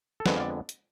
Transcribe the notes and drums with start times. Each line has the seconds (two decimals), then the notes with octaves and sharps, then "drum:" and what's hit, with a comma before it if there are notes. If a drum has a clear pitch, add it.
0.20 A4
0.26 F2 D3 G#3 B3 B4, drum: snare
0.36 F5
0.40 D5
0.69 drum: hi-hat